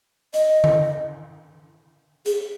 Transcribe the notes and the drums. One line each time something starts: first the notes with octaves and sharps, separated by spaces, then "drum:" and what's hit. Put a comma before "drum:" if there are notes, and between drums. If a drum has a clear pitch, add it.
D#5, drum: hi-hat
drum: tom D3
G#4, drum: hi-hat